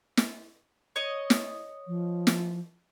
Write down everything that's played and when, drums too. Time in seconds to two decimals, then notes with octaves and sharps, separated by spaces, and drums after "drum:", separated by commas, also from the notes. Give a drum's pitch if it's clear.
0.17 drum: snare
0.96 C#5 D#5
1.30 drum: snare
1.87 F3
2.27 drum: snare